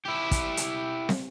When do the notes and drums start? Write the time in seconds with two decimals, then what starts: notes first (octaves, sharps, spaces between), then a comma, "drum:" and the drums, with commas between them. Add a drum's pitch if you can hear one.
0.06 E4 G4
0.31 drum: kick, hi-hat
0.57 drum: hi-hat
1.09 drum: snare